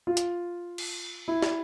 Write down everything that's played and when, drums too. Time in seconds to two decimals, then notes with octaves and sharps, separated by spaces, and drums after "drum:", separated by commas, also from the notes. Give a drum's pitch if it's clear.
0.07 F4
0.17 drum: hi-hat
0.78 drum: cymbal
1.28 E4
1.42 drum: snare